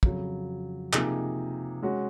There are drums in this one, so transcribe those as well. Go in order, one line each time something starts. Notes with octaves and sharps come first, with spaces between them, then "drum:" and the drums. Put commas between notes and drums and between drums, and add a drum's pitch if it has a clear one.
F2 C#3 F#3, drum: kick
C3 F3 A#3 D#4 G#4, drum: clap
G#3 C#4 F#4